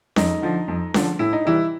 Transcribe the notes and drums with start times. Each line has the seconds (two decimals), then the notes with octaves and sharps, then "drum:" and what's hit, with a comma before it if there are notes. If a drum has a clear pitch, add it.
0.16 F2 D#4, drum: snare C#4
0.42 D3 F3
0.68 F2
0.94 D3 F3, drum: snare C#4
1.19 A2 E4
1.33 D#4
1.45 E3 G3 E4